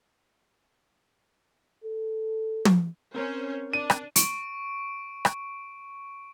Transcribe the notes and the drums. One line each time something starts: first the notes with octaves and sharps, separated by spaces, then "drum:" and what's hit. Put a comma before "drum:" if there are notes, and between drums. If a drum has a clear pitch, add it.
A4
drum: tom
C4 C#4 A#4 C5
D4 D#7
drum: rim click
C#6 D7, drum: hi-hat
drum: rim click